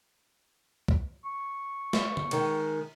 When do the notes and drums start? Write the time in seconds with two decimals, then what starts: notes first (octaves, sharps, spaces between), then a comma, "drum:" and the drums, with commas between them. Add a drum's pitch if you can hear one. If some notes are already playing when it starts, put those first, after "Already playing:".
0.88 drum: kick
1.25 C#6
1.93 drum: snare
2.17 drum: tom D3
2.31 D#3 G#3, drum: cymbal